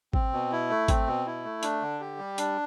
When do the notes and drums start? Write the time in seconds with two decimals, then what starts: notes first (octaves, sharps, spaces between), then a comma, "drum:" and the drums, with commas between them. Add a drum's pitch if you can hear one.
0.13 C4, drum: kick G#1
0.33 B2
0.52 E4
0.70 A3
0.88 C4, drum: kick G#1, hi-hat
1.07 B2
1.26 E4
1.45 A3
1.63 D4, drum: hi-hat
1.82 D3
2.00 G4
2.19 G3
2.38 D4, drum: hi-hat